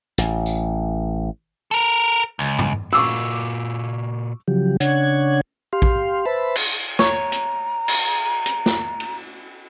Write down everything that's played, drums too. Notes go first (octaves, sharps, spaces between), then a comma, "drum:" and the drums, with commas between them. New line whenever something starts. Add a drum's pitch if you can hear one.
A1, drum: hi-hat
drum: tambourine
A4 A#4
C#2
drum: tom G2
A#2 F4 F#4 C#6 D6 E6
C#3 F3 F#3 G4
C#3 D4 C#5 F#5 G#6, drum: hi-hat
G4 F5 C6
drum: kick A#1
B4 C5 E5 A5 B5
drum: cymbal
C#5 A#5, drum: snare
drum: hi-hat
drum: cymbal
drum: hi-hat
drum: snare
drum: cymbal